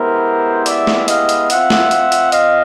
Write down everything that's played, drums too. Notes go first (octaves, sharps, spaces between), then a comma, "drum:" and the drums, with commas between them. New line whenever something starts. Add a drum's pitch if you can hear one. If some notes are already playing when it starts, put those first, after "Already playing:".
Already playing: G#3 B3 E4 G4 A#4 C5
D5 E5, drum: hi-hat
drum: snare
D#5 F5, drum: hi-hat
drum: hi-hat
C4 F4 E5 F#5, drum: hi-hat
drum: snare
drum: hi-hat
drum: hi-hat
D#5 F5, drum: hi-hat